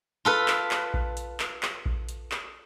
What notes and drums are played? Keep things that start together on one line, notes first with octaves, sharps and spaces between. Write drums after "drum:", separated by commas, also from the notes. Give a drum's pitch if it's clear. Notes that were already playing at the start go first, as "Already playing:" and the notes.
F4 A4 B4
drum: clap
drum: clap
drum: kick A#1
drum: hi-hat
drum: clap
drum: clap
drum: kick A#1
drum: hi-hat
drum: clap